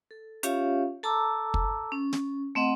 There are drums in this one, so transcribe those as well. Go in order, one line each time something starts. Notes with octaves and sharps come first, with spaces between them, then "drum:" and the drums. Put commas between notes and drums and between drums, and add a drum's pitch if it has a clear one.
A4
C#4 F4 G4 C#5 E5 F5, drum: hi-hat
A4 A5 A#5 D6 E6
drum: kick
C#4
drum: snare
A3 C4 D#5 F#5